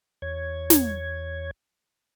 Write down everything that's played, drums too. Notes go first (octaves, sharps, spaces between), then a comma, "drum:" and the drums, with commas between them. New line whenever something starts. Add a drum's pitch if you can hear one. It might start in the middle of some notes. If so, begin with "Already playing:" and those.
E2 C#5 G#6
drum: snare